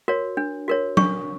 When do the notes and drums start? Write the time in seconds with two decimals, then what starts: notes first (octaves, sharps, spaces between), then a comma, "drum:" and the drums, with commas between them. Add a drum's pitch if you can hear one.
0.08 F#4 A#4 C#5
0.37 D4
0.68 F#4 A#4 C#5
0.97 D4 C#6, drum: tom F#3